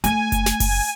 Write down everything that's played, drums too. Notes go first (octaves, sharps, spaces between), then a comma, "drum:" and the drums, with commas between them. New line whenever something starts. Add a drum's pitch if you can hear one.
A3 G#5, drum: hi-hat
drum: kick F#1, hi-hat
drum: snare
drum: kick F#1, open hi-hat